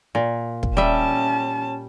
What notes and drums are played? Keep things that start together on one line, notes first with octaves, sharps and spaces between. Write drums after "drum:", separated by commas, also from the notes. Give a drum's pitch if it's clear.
A#2
drum: kick
G3 C#4 E5 A5